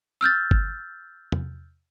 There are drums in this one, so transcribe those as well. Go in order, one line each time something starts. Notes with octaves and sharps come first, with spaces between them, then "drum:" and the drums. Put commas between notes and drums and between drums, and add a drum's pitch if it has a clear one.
E6 F6 G6 A6
drum: kick G1
drum: tom